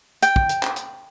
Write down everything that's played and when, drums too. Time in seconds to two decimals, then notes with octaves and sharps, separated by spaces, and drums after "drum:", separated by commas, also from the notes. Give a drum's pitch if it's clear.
0.23 G5, drum: hi-hat
0.36 drum: kick
0.49 drum: hi-hat
0.63 drum: clap
0.76 drum: hi-hat